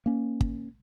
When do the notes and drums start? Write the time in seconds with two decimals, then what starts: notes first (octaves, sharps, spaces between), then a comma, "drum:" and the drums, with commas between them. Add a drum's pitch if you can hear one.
0.06 A#3 C#4
0.41 drum: kick